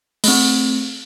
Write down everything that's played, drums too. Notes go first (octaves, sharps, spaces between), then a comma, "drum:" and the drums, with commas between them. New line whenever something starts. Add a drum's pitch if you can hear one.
A3 C4, drum: open hi-hat